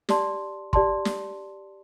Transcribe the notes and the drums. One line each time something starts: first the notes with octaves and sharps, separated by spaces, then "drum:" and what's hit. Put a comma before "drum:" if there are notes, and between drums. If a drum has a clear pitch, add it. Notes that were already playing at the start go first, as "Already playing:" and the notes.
G4 D5 A5 C6, drum: snare
G4 D5 A5 C6, drum: kick G1
drum: snare